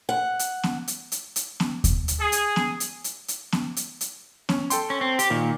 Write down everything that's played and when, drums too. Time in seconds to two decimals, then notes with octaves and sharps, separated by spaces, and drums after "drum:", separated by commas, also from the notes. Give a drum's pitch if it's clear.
0.09 F#5
0.39 drum: hi-hat
0.63 drum: snare B3
0.88 drum: hi-hat
1.12 drum: hi-hat
1.36 drum: hi-hat
1.60 drum: snare B3
1.84 drum: kick D#2, hi-hat
2.08 drum: hi-hat
2.20 G#4
2.32 drum: hi-hat
2.56 drum: snare B3
2.80 drum: hi-hat
3.04 drum: hi-hat
3.28 drum: hi-hat
3.52 drum: snare B3
3.77 drum: hi-hat
4.01 drum: hi-hat
4.49 C#4, drum: snare B3
4.70 A4 G5 C6, drum: hi-hat
4.90 C#4
5.01 C4
5.19 G4, drum: hi-hat
5.30 A#2 D#3